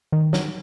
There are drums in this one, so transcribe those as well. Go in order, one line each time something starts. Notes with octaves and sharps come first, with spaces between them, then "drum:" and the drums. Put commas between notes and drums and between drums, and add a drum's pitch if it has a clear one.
D#3
F#3, drum: snare